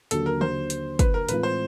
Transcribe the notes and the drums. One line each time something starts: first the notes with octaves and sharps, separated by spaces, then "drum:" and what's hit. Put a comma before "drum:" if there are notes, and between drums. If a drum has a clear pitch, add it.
D#2 D3 F#3 A4, drum: hi-hat
A#4
C5, drum: tom C#3
drum: hi-hat
B4, drum: kick, hi-hat
A#4
A2 E3 G#3 C4 F4 B4, drum: hi-hat
C5